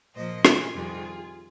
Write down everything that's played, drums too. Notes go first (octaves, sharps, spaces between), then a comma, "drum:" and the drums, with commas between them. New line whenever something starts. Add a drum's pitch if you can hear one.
A#2 F3 A#3 C5 D#5
F4 G#4, drum: rim click
F2 C3 D#3 G3 D4